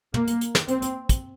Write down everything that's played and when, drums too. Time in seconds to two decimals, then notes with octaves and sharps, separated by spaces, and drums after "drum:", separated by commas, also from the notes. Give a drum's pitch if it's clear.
0.14 A#3, drum: tom
0.28 drum: hi-hat
0.41 drum: hi-hat
0.55 drum: snare
0.68 C4, drum: hi-hat
0.82 drum: hi-hat
1.09 drum: kick, hi-hat